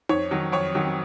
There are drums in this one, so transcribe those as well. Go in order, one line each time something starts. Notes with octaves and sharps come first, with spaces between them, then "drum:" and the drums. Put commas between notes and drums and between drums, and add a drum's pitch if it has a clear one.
F2 C#5, drum: tom D#4
D#3 F#3
F2 C#5
D#3 F#3